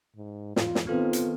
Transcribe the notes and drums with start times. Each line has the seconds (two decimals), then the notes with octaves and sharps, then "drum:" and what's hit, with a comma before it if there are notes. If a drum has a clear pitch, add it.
0.16 G#2
0.56 E2 G#2 F4, drum: snare
0.75 drum: snare
0.87 D#3 B3 C4 F4 A4 B4
1.13 drum: hi-hat